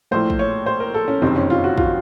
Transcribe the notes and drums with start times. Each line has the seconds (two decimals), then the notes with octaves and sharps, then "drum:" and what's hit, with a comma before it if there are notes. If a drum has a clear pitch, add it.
0.11 A#1 A2 A3 C5
0.30 drum: kick
0.39 C#5
0.66 C5
0.80 A#4
0.94 A4
1.08 C#4
1.22 F#1 F2 C3 D#3 C4
1.36 C#4
1.50 F4
1.64 F#4
1.78 F4, drum: kick